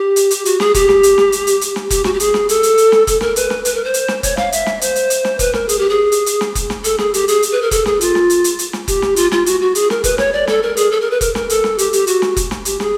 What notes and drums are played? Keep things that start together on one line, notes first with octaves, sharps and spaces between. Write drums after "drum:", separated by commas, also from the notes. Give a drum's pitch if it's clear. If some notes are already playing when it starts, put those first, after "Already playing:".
Already playing: G4
drum: hi-hat
drum: hi-hat
F#4, drum: hi-hat
G#4, drum: snare
G4, drum: kick F1, hi-hat
drum: snare
drum: hi-hat
drum: snare
drum: hi-hat
drum: hi-hat
drum: hi-hat
drum: snare
G4, drum: kick F1, hi-hat
F#4, drum: snare
G4
G#4, drum: hi-hat
drum: snare
A4, drum: hi-hat
drum: hi-hat
drum: hi-hat
drum: snare
A4, drum: kick F1, hi-hat
A#4, drum: snare
B4, drum: hi-hat
drum: snare
B4, drum: hi-hat
A#4
C5
drum: hi-hat
drum: snare
C#5, drum: kick F1, hi-hat
F5, drum: snare
E5, drum: hi-hat
drum: snare
C5, drum: hi-hat
drum: hi-hat
drum: hi-hat
drum: snare
B4, drum: kick F1, hi-hat
A#4, drum: snare
G#4, drum: hi-hat
G4
G#4
drum: hi-hat
drum: hi-hat
drum: snare
drum: kick F1, hi-hat
drum: snare
A4, drum: hi-hat
G#4, drum: snare
G4, drum: hi-hat
G#4, drum: hi-hat
drum: hi-hat
B4
A#4
A4, drum: kick F1, hi-hat
G#4, drum: snare
F4, drum: hi-hat
drum: snare
drum: hi-hat
drum: hi-hat
drum: hi-hat
drum: snare
G4, drum: kick F1, hi-hat
drum: snare
F4, drum: hi-hat
F4, drum: snare
F#4, drum: hi-hat
F#4
G#4, drum: hi-hat
A#4, drum: snare
B4, drum: kick F1, hi-hat
C#5, drum: snare
D5
A4, drum: snare
A#4
G#4, drum: hi-hat
A4
A#4
B4
A#4, drum: kick F1, hi-hat
A#4, drum: snare
A4, drum: hi-hat
drum: snare
G4, drum: hi-hat
G4, drum: hi-hat
F#4, drum: hi-hat
drum: snare
drum: kick F1, hi-hat
drum: snare
G4, drum: hi-hat
G#4, drum: snare